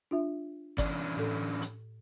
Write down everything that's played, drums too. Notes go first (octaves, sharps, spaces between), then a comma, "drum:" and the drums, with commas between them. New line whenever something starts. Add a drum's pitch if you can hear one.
D4 F4 E5
E3 C#4 D4 D5, drum: kick G1, hi-hat
A2 A4
drum: hi-hat